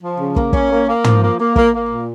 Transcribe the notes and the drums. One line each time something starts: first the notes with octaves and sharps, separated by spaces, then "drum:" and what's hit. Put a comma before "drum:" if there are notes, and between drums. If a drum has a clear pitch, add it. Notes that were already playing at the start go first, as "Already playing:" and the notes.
F3
C#3
A#3, drum: kick
C#4, drum: kick
A#3
A#3
F3, drum: tom
A#3
A#3
A#3, drum: kick
A#3
A#2